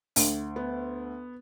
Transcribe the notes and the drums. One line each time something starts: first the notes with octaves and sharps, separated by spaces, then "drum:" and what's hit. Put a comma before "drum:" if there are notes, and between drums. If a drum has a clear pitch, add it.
D2, drum: open hi-hat
B3